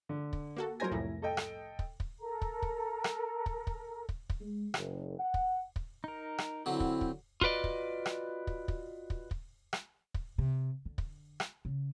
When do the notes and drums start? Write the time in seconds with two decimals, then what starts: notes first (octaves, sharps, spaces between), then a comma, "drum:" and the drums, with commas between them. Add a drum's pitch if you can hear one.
0.09 D3
0.33 drum: kick
0.57 A#3 F#4 A4
0.80 F#3 A#4 C5 G#5 A#6
0.92 C2 F2 A2 E4
1.22 A4 D#5 G5
1.37 drum: rim click
1.79 drum: kick
2.00 drum: kick
2.21 A4 A#4 A#5
2.42 drum: kick
2.62 drum: kick
3.04 drum: rim click
3.46 drum: kick
3.67 drum: kick
4.09 drum: kick
4.30 drum: kick
4.40 G#3
4.74 F#1, drum: rim click
5.19 F#5
5.34 drum: kick
5.76 drum: kick
6.04 D#4 A#4
6.38 drum: rim click
6.66 D3 F#3 C4 E4
6.80 drum: kick
7.01 drum: kick
7.41 F4 F#4 B4 D5 D#5, drum: kick
7.64 drum: kick
8.06 drum: rim click
8.47 drum: kick
8.68 drum: kick
9.10 drum: kick
9.31 drum: kick
9.73 drum: rim click
10.14 drum: kick
10.38 C3
10.85 D3
10.98 drum: kick
11.40 drum: rim click
11.65 C#3